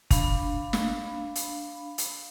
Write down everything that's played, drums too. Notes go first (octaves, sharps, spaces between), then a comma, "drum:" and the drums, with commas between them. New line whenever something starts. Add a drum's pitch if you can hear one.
D4 F5 B5, drum: kick F#1, hi-hat
drum: snare
drum: hi-hat
drum: hi-hat